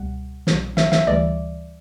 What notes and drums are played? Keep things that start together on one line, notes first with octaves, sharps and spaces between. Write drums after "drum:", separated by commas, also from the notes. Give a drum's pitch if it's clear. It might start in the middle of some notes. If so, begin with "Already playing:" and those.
Already playing: C#2 B2 G3 F#5
B1 A#2 G3, drum: snare
E5, drum: snare
E5, drum: snare
D2 C#3 E3 G3 D5